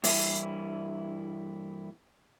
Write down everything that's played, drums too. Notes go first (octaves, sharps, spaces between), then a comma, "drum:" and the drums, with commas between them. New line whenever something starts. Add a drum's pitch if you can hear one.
G2 E3 G3 E4 E5 G#5, drum: open hi-hat